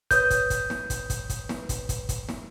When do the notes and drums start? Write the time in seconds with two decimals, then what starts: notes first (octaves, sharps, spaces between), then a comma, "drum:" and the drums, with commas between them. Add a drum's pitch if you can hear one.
0.11 B4 C#5 D#6 G6, drum: kick, hi-hat
0.30 drum: kick, hi-hat
0.50 drum: kick, hi-hat
0.70 drum: snare
0.90 drum: kick, hi-hat
1.10 drum: kick, hi-hat
1.29 drum: kick, hi-hat
1.49 drum: snare
1.69 drum: kick, hi-hat
1.89 drum: kick, hi-hat
2.09 drum: kick, hi-hat
2.29 drum: snare